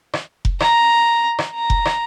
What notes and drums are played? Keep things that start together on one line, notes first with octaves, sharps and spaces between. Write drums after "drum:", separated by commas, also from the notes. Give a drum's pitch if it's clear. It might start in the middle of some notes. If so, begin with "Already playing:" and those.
drum: rim click
drum: kick F1
A#5, drum: rim click
drum: rim click
A#5
drum: kick F1
drum: rim click